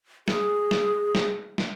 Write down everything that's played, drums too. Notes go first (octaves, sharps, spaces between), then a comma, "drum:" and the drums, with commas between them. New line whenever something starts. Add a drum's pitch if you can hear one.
G#4, drum: snare
drum: snare
drum: snare
drum: snare